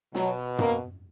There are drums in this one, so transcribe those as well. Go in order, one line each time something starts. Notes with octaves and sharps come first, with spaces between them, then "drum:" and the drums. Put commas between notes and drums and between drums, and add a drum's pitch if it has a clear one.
B2 F#3, drum: snare
A#3, drum: tom